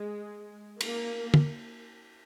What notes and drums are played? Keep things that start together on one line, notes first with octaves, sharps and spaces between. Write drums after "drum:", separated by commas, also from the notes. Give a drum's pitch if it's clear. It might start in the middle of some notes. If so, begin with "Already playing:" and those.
Already playing: G#3
A#3, drum: cymbal
drum: tom